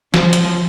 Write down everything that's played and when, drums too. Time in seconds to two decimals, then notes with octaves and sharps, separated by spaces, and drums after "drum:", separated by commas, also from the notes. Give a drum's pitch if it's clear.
0.14 F3, drum: snare
0.33 drum: hi-hat